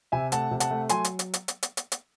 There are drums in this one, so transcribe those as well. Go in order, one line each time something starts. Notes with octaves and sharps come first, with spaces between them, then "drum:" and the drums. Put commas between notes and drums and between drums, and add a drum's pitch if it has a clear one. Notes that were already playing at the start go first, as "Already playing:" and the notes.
C3 E5 G#5
A3 F#5 A5, drum: hi-hat
C3
F#5 A5, drum: hi-hat
A3
F#3 G#5 C6, drum: hi-hat
drum: hi-hat
drum: hi-hat
drum: hi-hat
drum: hi-hat
drum: hi-hat
drum: hi-hat
drum: hi-hat